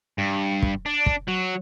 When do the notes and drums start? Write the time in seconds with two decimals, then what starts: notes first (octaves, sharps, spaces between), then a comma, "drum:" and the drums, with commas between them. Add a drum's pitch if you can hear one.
0.18 G2
0.62 drum: kick
0.86 D4
1.06 drum: kick
1.28 F#3